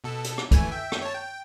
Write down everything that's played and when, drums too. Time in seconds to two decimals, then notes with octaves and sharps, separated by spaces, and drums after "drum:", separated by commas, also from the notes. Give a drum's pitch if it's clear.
0.04 B2 A4
0.24 drum: hi-hat
0.38 drum: rim click
0.51 E3 A3 G#5, drum: kick, hi-hat
0.71 E5 G5
0.92 drum: rim click
1.01 C#5 A5
1.14 G5